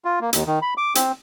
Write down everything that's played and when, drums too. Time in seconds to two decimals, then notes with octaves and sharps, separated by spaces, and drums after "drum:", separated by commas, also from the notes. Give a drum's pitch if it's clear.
0.05 F4
0.21 A#3
0.33 D#2, drum: hi-hat
0.46 D#3
0.62 B5
0.78 D6
0.95 C4, drum: hi-hat